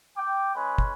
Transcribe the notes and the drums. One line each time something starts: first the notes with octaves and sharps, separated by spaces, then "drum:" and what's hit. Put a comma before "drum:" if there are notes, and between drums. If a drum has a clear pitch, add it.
G5 D6
G#3 C#4 G#4 B4
drum: kick